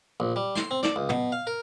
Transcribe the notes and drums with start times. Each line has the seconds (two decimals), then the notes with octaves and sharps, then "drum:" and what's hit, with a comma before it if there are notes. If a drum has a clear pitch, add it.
0.20 A#1
0.36 G3
0.56 C6, drum: snare
0.71 C4
0.83 D5, drum: snare
0.96 C#2
1.09 B2, drum: tom
1.32 F5
1.47 A#4